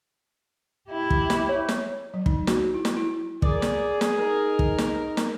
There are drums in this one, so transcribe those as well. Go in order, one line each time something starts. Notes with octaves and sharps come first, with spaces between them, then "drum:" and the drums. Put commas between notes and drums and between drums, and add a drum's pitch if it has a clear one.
E4 G4
drum: kick
drum: snare
C#5
drum: snare
F#3
D#4, drum: kick
F#4, drum: snare
E4
drum: snare
E4
G#4 A#4 D5, drum: kick
drum: snare
drum: snare
D#4 A#4
drum: kick
drum: snare
drum: snare